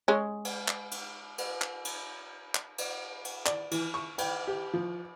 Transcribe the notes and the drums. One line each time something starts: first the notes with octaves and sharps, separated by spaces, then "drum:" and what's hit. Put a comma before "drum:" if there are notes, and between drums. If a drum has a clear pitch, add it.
G#3 C#4
drum: cymbal
drum: clap
drum: cymbal
drum: cymbal
drum: clap
drum: cymbal
drum: clap
drum: cymbal
drum: cymbal
D5, drum: clap
E3, drum: cymbal
C#6
G5, drum: cymbal
G4
F3